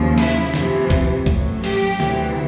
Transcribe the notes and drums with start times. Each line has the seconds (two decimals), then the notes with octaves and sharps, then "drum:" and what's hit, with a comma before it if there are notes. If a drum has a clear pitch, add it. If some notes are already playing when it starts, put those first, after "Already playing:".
Already playing: D#2 C#3 F3
0.18 E4, drum: open hi-hat
0.54 F2 C3 E3, drum: snare
0.90 drum: kick C2, hi-hat
1.26 A1 A2 F#3, drum: kick C2, hi-hat
1.64 G4, drum: open hi-hat
2.00 D2 C3 E3, drum: snare